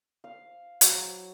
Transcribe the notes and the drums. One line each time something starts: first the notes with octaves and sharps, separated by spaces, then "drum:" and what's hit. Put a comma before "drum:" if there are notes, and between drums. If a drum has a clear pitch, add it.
F5
F#3, drum: hi-hat